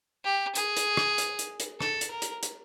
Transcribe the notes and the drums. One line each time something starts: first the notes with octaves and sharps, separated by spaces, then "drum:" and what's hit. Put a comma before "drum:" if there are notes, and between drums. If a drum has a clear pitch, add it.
G4
G#4, drum: hi-hat
drum: hi-hat
drum: rim click
drum: hi-hat
drum: hi-hat
drum: hi-hat
A4, drum: rim click
drum: hi-hat
A#4
drum: hi-hat
drum: hi-hat